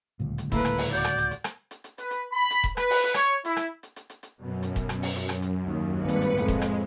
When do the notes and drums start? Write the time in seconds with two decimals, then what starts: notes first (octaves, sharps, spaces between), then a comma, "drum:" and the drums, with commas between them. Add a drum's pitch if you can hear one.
0.20 D1 C#2 A#2
0.38 drum: hi-hat
0.52 A3 A#3 E4 B4, drum: kick E1, hi-hat
0.65 drum: rim click
0.78 drum: open hi-hat
0.93 F#4 D5 G6, drum: hi-hat
1.04 drum: rim click
1.18 drum: hi-hat
1.31 drum: hi-hat
1.44 drum: rim click
1.71 drum: hi-hat
1.84 drum: hi-hat
1.98 B4, drum: hi-hat
2.11 drum: hi-hat
2.32 B5
2.50 drum: hi-hat
2.64 drum: kick E1, hi-hat
2.77 B4, drum: rim click
2.90 drum: open hi-hat
3.03 drum: hi-hat
3.14 C#5, drum: rim click
3.45 E4, drum: hi-hat
3.56 drum: rim click
3.83 drum: hi-hat
3.96 drum: hi-hat
4.10 drum: hi-hat
4.23 drum: hi-hat
4.40 F#2 B2
4.63 drum: hi-hat
4.76 drum: kick E1, hi-hat
4.89 drum: rim click
5.02 drum: open hi-hat
5.16 drum: hi-hat
5.29 drum: rim click
5.42 drum: hi-hat
5.65 D#2
5.99 G#1 G2 A#3 B4 C#7
6.08 drum: hi-hat
6.22 drum: hi-hat
6.37 F2 A2 G#3, drum: hi-hat
6.48 drum: kick E1, hi-hat
6.62 drum: rim click